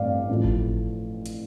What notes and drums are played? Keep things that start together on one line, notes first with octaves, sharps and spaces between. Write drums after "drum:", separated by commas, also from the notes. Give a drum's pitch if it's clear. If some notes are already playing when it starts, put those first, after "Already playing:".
Already playing: A1 G2 A3 D5 F5
A1 A2 F3 A3
drum: kick G#1
drum: hi-hat